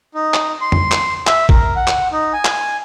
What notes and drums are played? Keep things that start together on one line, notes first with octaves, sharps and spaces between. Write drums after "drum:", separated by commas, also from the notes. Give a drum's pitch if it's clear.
D#4
drum: clap
C6
drum: tom F2
drum: clap
E5, drum: clap
A#4, drum: kick
F#5
drum: clap
D#4
G#5
drum: clap